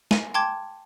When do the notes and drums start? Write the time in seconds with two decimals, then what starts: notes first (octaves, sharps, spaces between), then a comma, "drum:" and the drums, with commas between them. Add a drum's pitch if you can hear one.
0.11 G#5, drum: snare
0.34 G5 A5 C6 D6 G#6